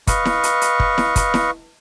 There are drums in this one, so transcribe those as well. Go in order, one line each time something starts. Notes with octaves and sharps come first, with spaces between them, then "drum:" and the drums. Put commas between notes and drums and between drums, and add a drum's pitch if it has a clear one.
B4 D#5 F5 C#6, drum: kick, hi-hat
drum: snare E4
drum: hi-hat
drum: hi-hat
drum: kick
drum: snare E4
drum: kick, hi-hat
drum: snare E4